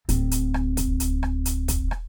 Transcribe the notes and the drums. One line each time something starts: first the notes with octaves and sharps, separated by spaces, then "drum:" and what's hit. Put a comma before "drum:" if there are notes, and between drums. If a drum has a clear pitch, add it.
D1 C4, drum: hi-hat
drum: hi-hat
drum: rim click
drum: kick, hi-hat
drum: hi-hat
drum: rim click
drum: hi-hat
drum: kick, hi-hat
drum: rim click